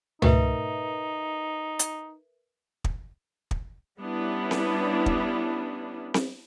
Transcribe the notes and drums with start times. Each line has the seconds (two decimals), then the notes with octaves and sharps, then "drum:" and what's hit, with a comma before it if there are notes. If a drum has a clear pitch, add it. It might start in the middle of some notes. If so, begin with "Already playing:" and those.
0.22 G#2 B2 A3 D#4 A#4 B4 E5, drum: tom
1.79 drum: hi-hat
2.84 drum: kick
3.51 drum: kick
4.00 G3 B3 C#4 D4 E4
4.51 drum: snare C4
5.06 drum: kick
6.14 drum: snare C4